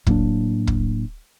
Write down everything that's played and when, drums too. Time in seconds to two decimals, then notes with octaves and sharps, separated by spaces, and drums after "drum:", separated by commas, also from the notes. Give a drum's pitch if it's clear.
0.07 A2 F#3 A#3 D4, drum: kick
0.67 drum: kick